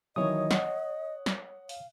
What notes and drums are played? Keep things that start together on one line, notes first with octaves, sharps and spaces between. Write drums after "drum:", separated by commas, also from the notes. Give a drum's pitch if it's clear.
D#3 E3 F#3 C#5 D#5 D#6
F#5, drum: snare
drum: snare
F5, drum: open hi-hat